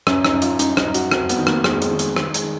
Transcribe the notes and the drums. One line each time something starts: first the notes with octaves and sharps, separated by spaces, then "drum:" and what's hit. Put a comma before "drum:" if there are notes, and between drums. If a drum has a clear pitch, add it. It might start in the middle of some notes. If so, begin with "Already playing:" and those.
F#2 C#4, drum: rim click
D#4, drum: rim click
F#2
F4, drum: hi-hat
F#2 D#4, drum: hi-hat
D#4, drum: rim click
F#2
F#4, drum: hi-hat
F2 F#4, drum: rim click
B3, drum: hi-hat
D#3
A#3, drum: rim click
F2 G#3, drum: rim click
G#3, drum: hi-hat
D#3
G#3, drum: hi-hat
D#3, drum: rim click
G#3, drum: hi-hat
D#3